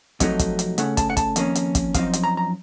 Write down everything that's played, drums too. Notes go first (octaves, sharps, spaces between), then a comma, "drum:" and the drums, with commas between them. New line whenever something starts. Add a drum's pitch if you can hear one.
F2 C3 F#3 A3 D#4, drum: kick, hi-hat
drum: kick, hi-hat
drum: hi-hat
C#3 A3 C#4 F#5, drum: hi-hat
A5, drum: kick, hi-hat
F#5
A5, drum: kick, hi-hat
F2 D#3 A#3 C#4, drum: hi-hat
drum: hi-hat
drum: kick, hi-hat
F#2 F3 C4 D#4 F5, drum: kick, hi-hat
drum: hi-hat
A#5
A#5